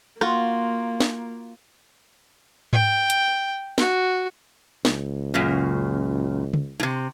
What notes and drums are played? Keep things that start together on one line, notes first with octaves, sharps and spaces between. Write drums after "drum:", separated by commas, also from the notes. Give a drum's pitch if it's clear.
A#3 F4 F#4, drum: rim click
drum: snare
G5, drum: tom G#2
drum: hi-hat
F#4, drum: snare
C#2, drum: snare
F#2 A#2 C#3
drum: tom C#3
A2 C3